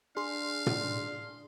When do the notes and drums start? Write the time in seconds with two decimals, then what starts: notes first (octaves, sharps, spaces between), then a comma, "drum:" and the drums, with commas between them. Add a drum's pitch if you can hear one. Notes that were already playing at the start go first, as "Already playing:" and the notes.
0.17 D4 G#4 F5 C6
0.67 drum: tom